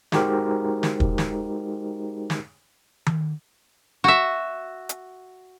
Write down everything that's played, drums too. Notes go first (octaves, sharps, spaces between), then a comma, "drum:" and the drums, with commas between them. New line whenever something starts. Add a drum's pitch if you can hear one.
G#3 D#4 F#4 G4 A#4 C5, drum: snare
drum: snare
drum: kick
drum: snare
drum: snare
drum: tom D#3
F#4 E5
drum: hi-hat